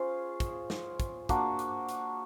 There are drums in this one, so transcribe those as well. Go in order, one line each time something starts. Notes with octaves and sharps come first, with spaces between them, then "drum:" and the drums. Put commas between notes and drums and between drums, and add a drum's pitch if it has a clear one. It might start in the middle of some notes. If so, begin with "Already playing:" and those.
Already playing: C#4 F4 G#4 C5
drum: kick, hi-hat
drum: snare
drum: kick, hi-hat
A#3 D4 F#4, drum: kick, hi-hat
drum: hi-hat
drum: hi-hat